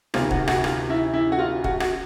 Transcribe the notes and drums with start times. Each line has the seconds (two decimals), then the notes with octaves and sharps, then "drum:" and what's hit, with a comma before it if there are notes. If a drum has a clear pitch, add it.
0.14 D2 C3 D#3 F4, drum: rim click
0.31 F#4, drum: kick
0.48 F#4, drum: rim click
0.64 F4, drum: rim click
0.90 E4
1.14 E4
1.32 F#4
1.39 F4
1.64 F#4, drum: kick
1.80 F#4, drum: rim click